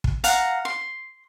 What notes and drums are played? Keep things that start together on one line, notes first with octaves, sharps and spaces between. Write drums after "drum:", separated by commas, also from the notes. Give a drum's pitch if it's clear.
drum: kick
F5 F#5 A#5, drum: hi-hat
C6